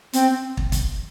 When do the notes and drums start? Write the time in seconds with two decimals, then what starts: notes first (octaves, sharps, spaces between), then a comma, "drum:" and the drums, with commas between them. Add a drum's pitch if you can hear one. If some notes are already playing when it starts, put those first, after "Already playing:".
0.13 C4, drum: hi-hat
0.57 drum: kick
0.72 drum: kick, hi-hat